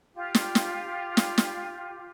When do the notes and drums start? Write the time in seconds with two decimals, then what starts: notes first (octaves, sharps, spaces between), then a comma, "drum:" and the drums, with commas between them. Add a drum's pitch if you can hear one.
0.14 F4 G4
0.35 drum: snare
0.55 drum: snare
1.17 drum: snare
1.38 drum: snare